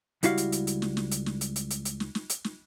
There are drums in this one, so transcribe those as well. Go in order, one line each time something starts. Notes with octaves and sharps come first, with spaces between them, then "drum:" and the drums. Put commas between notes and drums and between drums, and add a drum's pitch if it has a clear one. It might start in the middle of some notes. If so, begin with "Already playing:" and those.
C#2 G3 E4 F#4 F5, drum: hi-hat
drum: hi-hat
drum: hi-hat
drum: hi-hat
drum: snare
drum: snare
drum: hi-hat
drum: snare
drum: hi-hat
drum: hi-hat
drum: hi-hat
drum: hi-hat
drum: snare
drum: snare
drum: hi-hat
drum: snare